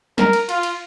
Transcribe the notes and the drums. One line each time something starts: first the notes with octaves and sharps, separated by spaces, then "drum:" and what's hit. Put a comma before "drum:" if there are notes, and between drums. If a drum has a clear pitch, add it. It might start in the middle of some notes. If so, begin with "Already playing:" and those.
A#4, drum: snare
drum: cymbal
F4, drum: cymbal
drum: cymbal